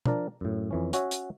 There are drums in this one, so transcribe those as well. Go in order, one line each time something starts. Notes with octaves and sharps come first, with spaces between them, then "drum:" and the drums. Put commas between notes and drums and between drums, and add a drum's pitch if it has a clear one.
F3 D4 A#4 D5, drum: tom B2
F#2 A2
F2 E3 C#4
C#4 F#4 C#5 E5, drum: hi-hat
drum: hi-hat